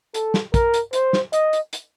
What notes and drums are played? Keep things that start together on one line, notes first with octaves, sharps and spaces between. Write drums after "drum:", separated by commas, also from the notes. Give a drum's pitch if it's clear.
A4, drum: hi-hat
drum: snare
A#4, drum: kick, hi-hat
drum: hi-hat
C5, drum: hi-hat
drum: snare
D#5, drum: hi-hat
drum: hi-hat
drum: hi-hat